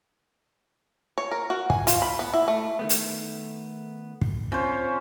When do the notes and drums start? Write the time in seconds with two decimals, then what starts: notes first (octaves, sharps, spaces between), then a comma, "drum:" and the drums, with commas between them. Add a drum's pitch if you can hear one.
1.18 C#5
1.31 A#4
1.50 F#4
1.70 G#5, drum: kick
1.87 F4, drum: hi-hat
2.02 B5
2.19 B3
2.34 E4
2.48 A3
2.79 D#3 A3 B3
2.89 drum: hi-hat
4.21 drum: kick
4.52 C4 C#4 F4 C5